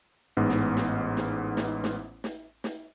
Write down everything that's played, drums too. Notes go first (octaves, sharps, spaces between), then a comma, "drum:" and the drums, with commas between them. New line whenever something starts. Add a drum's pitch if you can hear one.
A1 G#2 B3
drum: snare
drum: snare
drum: snare
drum: snare
drum: snare
drum: snare
drum: snare